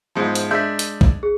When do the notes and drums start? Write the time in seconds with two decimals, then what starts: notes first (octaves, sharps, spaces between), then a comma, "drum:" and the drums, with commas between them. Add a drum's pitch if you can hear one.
0.15 E2 G#2 F3
0.35 drum: hi-hat
0.51 G#3 D4 E5 G6 B6
0.79 drum: hi-hat
1.01 drum: kick
1.23 G#4